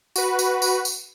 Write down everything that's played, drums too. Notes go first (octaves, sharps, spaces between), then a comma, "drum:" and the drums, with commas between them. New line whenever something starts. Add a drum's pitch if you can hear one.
F#4 B4, drum: tambourine
drum: tambourine
drum: tambourine
drum: tambourine